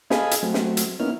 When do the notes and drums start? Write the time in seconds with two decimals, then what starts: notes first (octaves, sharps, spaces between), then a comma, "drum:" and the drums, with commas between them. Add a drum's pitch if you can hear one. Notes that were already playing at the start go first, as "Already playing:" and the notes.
0.11 G#4 A4 D#5 F5 G#5 B5, drum: snare
0.31 drum: hi-hat
0.43 F#3 A3 C4
0.54 drum: snare
0.77 drum: hi-hat
1.00 A#3 B3 C#4 D#4 E4 F6